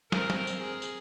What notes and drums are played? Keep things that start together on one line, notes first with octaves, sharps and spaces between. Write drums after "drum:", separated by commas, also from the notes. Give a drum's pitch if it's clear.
C4 A#4, drum: snare
drum: snare
drum: tambourine
G#4
drum: tambourine